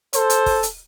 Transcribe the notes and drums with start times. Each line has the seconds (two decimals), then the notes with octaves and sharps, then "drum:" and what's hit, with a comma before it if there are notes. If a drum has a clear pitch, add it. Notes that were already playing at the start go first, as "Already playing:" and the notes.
0.13 A4 C5, drum: hi-hat
0.30 drum: hi-hat
0.46 drum: kick, open hi-hat
0.63 drum: hi-hat